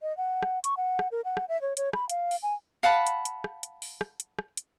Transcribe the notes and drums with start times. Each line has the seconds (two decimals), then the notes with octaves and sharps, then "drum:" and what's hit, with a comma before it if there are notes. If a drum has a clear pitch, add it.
0.02 D#5
0.17 F#5
0.43 drum: rim click
0.64 C#6, drum: hi-hat
0.77 F#5
0.99 drum: rim click
1.12 A#4
1.25 F#5
1.37 drum: rim click
1.49 E5
1.62 C#5
1.77 C#5, drum: hi-hat
1.93 B5, drum: rim click
2.10 F5, drum: hi-hat
2.31 drum: open hi-hat
2.43 G#5
2.83 F5 F#5 A5 B5
3.07 drum: hi-hat
3.25 drum: hi-hat
3.44 drum: rim click
3.63 drum: hi-hat
3.82 drum: open hi-hat
4.01 drum: rim click
4.20 drum: hi-hat
4.39 drum: rim click
4.57 drum: hi-hat